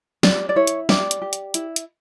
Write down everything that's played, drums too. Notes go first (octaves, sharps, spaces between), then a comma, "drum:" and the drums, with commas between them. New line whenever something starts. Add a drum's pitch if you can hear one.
G4 D5, drum: snare
D5
E4 C#5
drum: hi-hat
G4 D5, drum: snare
drum: hi-hat
G4
drum: hi-hat
E4, drum: hi-hat
drum: hi-hat